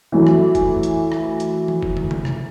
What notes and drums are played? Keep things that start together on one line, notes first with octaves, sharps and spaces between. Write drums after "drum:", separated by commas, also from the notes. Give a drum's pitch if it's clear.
E3 F#3 A3
drum: rim click
drum: kick, hi-hat
drum: hi-hat
drum: rim click
drum: hi-hat
drum: tom E3
drum: kick
drum: tom
drum: tom C3
drum: rim click